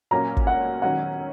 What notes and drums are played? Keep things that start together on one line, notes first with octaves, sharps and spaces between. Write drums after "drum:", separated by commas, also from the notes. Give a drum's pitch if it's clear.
A#2 F#3 A#3 C#4 A#5
drum: kick
F#5
D#3 F#3 C#4 F#5